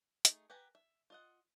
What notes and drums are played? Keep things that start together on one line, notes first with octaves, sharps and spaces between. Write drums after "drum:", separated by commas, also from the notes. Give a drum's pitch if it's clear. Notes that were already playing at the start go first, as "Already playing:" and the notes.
A3 D#4 G#4, drum: hi-hat
G4 B4 F#5 G#5 A#5
E5
F4 D#5 F#5